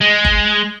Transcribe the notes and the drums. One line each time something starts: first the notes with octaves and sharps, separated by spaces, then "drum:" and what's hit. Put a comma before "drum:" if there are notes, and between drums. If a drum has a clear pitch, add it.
G#3
drum: kick F#1